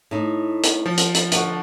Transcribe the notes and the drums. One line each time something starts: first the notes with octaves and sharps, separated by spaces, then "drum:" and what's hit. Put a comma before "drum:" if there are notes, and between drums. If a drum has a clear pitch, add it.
A2 D#4
drum: hi-hat
F3
drum: hi-hat
drum: hi-hat
D3 F#4, drum: hi-hat